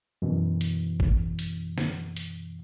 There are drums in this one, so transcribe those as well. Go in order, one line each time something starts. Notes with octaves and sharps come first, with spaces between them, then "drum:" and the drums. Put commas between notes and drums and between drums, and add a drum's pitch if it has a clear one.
F#2 B2 E3
drum: hi-hat
drum: kick G#1
drum: hi-hat
drum: snare
drum: hi-hat